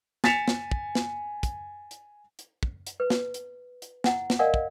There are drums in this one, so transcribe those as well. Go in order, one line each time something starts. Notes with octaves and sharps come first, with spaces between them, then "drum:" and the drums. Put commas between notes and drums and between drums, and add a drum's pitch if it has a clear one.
G#5 A6 B6 C#7 E7 F7, drum: snare
drum: snare
drum: kick
drum: snare
drum: kick, hi-hat
drum: hi-hat
drum: hi-hat
drum: kick
drum: hi-hat
B4
drum: snare
drum: hi-hat
drum: hi-hat
E4 F#5 G#5, drum: snare
drum: snare
A#4 D5 D#5 F5 F#5 G#5
drum: kick